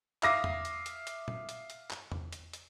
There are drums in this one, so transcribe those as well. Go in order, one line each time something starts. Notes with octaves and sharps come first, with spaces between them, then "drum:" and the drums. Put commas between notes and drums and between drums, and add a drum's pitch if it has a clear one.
E5 F5 D6 D#6 A#6, drum: clap
drum: tom E2
drum: hi-hat
drum: hi-hat
drum: hi-hat
drum: tom A#2
drum: hi-hat
drum: hi-hat
drum: clap
drum: tom E2
drum: hi-hat
drum: hi-hat